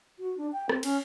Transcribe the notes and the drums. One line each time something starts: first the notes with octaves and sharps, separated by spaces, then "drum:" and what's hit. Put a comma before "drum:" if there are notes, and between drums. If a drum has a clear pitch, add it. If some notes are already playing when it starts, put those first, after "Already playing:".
F#4
D4
G5
C4, drum: rim click
C#4, drum: cymbal